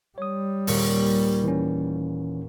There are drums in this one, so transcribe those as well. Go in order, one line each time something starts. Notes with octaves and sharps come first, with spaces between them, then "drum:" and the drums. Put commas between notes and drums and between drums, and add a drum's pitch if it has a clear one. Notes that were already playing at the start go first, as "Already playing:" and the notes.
G3 C#5 D#6
D#1 A#2 C#6, drum: open hi-hat
E3 C#4